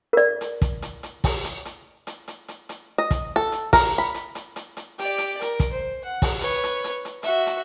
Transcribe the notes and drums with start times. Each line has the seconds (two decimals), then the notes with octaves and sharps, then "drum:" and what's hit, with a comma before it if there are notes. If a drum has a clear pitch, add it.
0.13 A#4 D5
0.41 drum: hi-hat
0.62 drum: kick, hi-hat
0.82 drum: hi-hat
1.03 drum: hi-hat
1.24 drum: kick, open hi-hat
1.45 drum: hi-hat
1.65 drum: hi-hat
2.07 drum: hi-hat
2.28 drum: hi-hat
2.48 drum: hi-hat
2.69 drum: hi-hat
2.98 D#5
3.11 drum: kick, hi-hat
3.36 A4
3.52 drum: hi-hat
3.73 A#4, drum: kick, open hi-hat
3.98 B5
4.14 drum: hi-hat
4.35 drum: hi-hat
4.56 drum: hi-hat
4.77 drum: hi-hat
4.99 G4 D5, drum: hi-hat
5.18 drum: hi-hat
5.41 A#4, drum: hi-hat
5.60 drum: kick, hi-hat
5.72 C5
6.04 F#5
6.22 drum: kick, open hi-hat
6.41 B4 C#5, drum: hi-hat
6.63 drum: hi-hat
6.84 drum: hi-hat
7.05 drum: hi-hat
7.23 F#4 E5, drum: hi-hat
7.46 drum: hi-hat